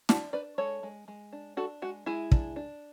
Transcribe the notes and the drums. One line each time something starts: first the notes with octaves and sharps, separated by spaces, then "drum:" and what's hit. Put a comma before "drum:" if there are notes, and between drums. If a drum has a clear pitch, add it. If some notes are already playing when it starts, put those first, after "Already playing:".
D4 F#5 A5, drum: snare
D4 B4 D5
G#3 A4 C#5
G#3
G#3
D4
D4 F#4 A4
G#3 F#4
G#3 E4 G#4
D4, drum: kick
D4